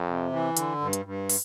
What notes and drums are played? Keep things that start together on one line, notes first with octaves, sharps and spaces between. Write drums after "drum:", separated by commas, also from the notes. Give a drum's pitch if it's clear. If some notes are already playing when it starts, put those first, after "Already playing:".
Already playing: F2
C3
E3
D3, drum: hi-hat
G2
drum: hi-hat
G2
drum: open hi-hat